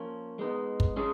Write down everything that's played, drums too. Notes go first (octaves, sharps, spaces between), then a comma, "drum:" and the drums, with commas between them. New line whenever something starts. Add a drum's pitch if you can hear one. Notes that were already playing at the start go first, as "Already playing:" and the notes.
Already playing: F3 A#3 C#4
G#3 B3 D#4
drum: kick
G#3 C#4 G#4